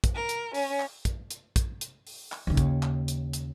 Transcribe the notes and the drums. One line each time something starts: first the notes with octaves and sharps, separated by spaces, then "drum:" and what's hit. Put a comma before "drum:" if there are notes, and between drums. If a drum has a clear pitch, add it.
drum: kick, hi-hat
A#4
drum: hi-hat
C#4, drum: open hi-hat
drum: clap
drum: kick, hi-hat
drum: hi-hat
drum: kick, hi-hat
drum: hi-hat
drum: open hi-hat
drum: clap
D#2 C#3
drum: kick, hi-hat
drum: clap
drum: hi-hat
drum: hi-hat